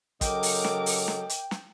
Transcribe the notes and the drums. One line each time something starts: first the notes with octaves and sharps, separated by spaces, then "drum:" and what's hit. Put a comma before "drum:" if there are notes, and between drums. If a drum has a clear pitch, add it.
C#3 F#3 A4 A#4 D#5 G5 D6, drum: kick, hi-hat
drum: open hi-hat
drum: snare
drum: open hi-hat
drum: snare
drum: hi-hat
drum: snare